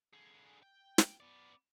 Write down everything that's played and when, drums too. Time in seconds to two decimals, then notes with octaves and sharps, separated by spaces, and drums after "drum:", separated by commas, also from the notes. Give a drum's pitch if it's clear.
0.13 D3 G#4
0.63 G5
0.98 drum: snare
1.20 B3 D5